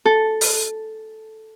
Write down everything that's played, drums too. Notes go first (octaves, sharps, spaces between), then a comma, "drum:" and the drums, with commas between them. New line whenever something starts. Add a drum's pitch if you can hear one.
A4
drum: open hi-hat